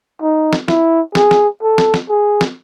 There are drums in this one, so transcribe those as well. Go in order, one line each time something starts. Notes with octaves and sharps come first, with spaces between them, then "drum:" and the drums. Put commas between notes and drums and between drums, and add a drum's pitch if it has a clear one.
D#4
drum: snare
E4, drum: snare
G#4, drum: snare
drum: snare
A4
drum: snare
drum: snare
G#4
drum: snare